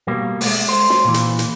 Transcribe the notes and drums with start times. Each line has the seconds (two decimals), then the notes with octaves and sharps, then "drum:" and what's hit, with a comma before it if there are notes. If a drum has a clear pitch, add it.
0.07 B2 G3 A#3
0.41 G#3 A3, drum: open hi-hat
0.69 C5
0.90 drum: snare
1.05 A#2 E3
1.14 drum: hi-hat
1.39 drum: hi-hat